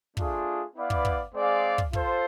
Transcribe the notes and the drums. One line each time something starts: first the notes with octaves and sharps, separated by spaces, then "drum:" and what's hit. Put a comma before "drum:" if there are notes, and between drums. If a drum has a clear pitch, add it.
A3 D4 F4 G#4, drum: kick
B3 E4 B4 D5 F5
drum: kick
drum: kick
G#3 C4 G#4 D5 F5
drum: kick
F4 A4 C5, drum: kick